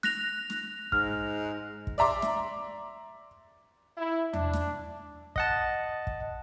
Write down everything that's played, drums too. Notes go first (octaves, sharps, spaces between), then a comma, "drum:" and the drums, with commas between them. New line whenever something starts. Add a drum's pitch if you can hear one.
F#6 A#6 F7, drum: snare
drum: snare
G#2 F6, drum: kick
drum: kick
D5 E5 A#5 C6 D6
drum: snare
E4
D4, drum: tom E2
drum: snare
D#5 F#5 A5, drum: kick
drum: kick